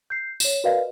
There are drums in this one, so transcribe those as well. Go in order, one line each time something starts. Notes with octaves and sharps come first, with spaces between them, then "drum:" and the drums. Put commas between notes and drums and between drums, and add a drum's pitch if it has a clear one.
G6 C7
C#5 E7, drum: tambourine
F#4 A#4 B4 D5 D#5 F5